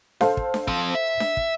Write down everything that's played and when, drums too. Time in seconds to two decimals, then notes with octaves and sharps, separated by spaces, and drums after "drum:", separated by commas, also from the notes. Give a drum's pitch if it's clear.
0.21 A4 C5 F5, drum: snare D4
0.37 drum: kick
0.54 drum: snare D4
0.67 F3 C4, drum: kick
0.95 E5
1.20 drum: snare D4
1.37 drum: kick